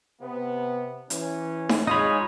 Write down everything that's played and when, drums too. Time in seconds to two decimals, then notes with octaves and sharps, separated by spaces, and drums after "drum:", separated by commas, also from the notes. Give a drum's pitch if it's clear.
0.22 C3 B3
1.10 E3 C#4, drum: hi-hat
1.69 drum: snare D#4
1.87 G#3 D#4 F4 C#5 B5 D#6